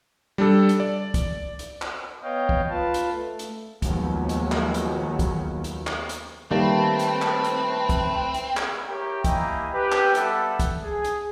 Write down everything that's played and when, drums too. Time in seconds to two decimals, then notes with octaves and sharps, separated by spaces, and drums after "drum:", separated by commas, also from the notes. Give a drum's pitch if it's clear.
0.38 G3 D4 A4
0.69 drum: hi-hat
0.80 D5
1.14 drum: kick, hi-hat
1.59 drum: hi-hat
1.82 drum: clap
2.22 B3 C#5 D#5 F5 G5
2.49 drum: kick
2.69 F4 B4 F5 A5
2.94 drum: hi-hat
3.11 A3
3.39 drum: hi-hat
3.82 D#2 D#3 F3 F#3 G#3 B3, drum: kick, hi-hat
4.29 drum: hi-hat
4.52 drum: clap
4.74 drum: hi-hat
5.19 drum: kick, hi-hat
5.64 drum: hi-hat
5.87 drum: clap
6.09 drum: hi-hat
6.51 D#3 G3 A3 A#3 C4 B4
6.99 drum: hi-hat
7.22 drum: clap
7.44 drum: hi-hat
7.89 drum: kick, hi-hat
8.34 drum: hi-hat
8.57 drum: clap
8.87 E4 G4 A#4 C#5 G5
9.24 A#3 E4 G4 D#5 G#5 A#5, drum: kick, hi-hat
9.73 G4 B4
9.92 drum: clap
10.15 G3 B3 A4 E5 F#5, drum: hi-hat
10.59 drum: kick, hi-hat
10.82 G#4
11.05 drum: hi-hat